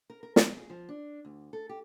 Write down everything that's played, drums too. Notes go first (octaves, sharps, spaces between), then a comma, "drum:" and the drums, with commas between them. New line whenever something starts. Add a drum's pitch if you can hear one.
A#4
A#4
G#4, drum: snare
F3
D4
D2
A4
G4